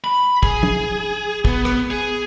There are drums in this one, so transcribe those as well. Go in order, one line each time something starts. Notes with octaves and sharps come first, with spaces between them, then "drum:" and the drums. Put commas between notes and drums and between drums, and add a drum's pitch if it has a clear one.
B5
G#4, drum: kick
drum: tom
B3, drum: kick
drum: rim click
G#4